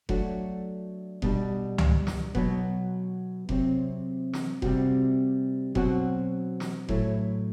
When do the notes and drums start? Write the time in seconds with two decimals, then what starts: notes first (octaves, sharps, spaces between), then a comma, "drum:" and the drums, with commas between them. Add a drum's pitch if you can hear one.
0.09 F#3 A3 D4 F#4, drum: kick F1
1.22 B2 G3 D4, drum: kick F1
1.78 drum: tom C#2
2.07 drum: snare
2.35 B2 F#3 B3, drum: kick F1
3.49 C3 F#3 C4, drum: kick F1
4.33 drum: snare
4.62 C3 G3 C4 F#4, drum: kick F1
5.75 B2 F#3 C4 F#4, drum: kick F1
6.60 drum: snare
6.89 A2 F#3 A3 E4, drum: kick F1